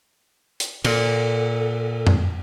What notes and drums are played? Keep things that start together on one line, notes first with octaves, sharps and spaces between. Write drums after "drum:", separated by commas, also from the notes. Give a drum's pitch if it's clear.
drum: hi-hat
A#2 A4, drum: cymbal
drum: tom F2